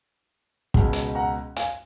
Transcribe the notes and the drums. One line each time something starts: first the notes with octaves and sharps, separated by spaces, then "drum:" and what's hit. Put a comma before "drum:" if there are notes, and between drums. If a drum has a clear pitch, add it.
C#2 B2 G#3, drum: kick
drum: hi-hat
F#5 A#5
F5 G#5, drum: hi-hat